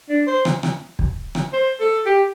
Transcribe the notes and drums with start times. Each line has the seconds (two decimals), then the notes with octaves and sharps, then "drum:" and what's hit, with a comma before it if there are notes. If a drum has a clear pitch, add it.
0.09 D4
0.27 C5
0.45 drum: rim click
0.63 drum: rim click
0.99 drum: kick
1.35 drum: rim click
1.53 C5
1.80 A4
2.06 G4